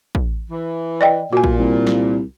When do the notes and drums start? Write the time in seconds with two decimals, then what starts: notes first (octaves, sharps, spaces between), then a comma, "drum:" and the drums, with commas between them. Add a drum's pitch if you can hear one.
0.15 drum: kick
0.51 E3
1.01 D5 D#5 G5
1.33 A#2 F#4 G#5
1.44 drum: kick
1.59 C2
1.87 drum: snare